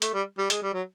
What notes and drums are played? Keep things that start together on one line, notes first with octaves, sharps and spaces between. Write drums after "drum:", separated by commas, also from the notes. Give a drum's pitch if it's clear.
A3, drum: hi-hat
G3
G3
G#3, drum: hi-hat
G3
F#3